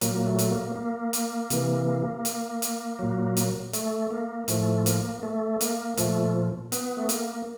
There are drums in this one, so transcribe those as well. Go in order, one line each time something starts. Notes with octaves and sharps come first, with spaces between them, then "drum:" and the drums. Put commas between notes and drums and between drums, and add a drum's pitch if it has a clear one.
A#2 F#3 A#3, drum: hi-hat
A#3
A3
drum: hi-hat
A#3
A#3
drum: hi-hat
C3 E3, drum: hi-hat
drum: hi-hat
drum: hi-hat
A#2 F#3
drum: hi-hat
A3, drum: hi-hat
A#3
A2 F3 A3, drum: hi-hat
A#3, drum: hi-hat
A3
A#3, drum: hi-hat
A#2 F3 A3, drum: hi-hat
B3, drum: hi-hat
A3
A#3, drum: hi-hat